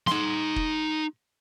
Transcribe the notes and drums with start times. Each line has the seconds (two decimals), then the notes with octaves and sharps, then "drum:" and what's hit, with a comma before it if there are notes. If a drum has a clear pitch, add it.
0.07 D#4 C6, drum: snare
0.56 drum: kick